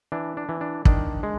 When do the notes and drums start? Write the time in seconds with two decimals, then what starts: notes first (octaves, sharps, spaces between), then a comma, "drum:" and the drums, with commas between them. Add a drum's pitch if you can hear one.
0.12 E3 D4
0.37 D4
0.49 E3
0.61 D4
0.85 D#3 D4, drum: kick
1.23 G#3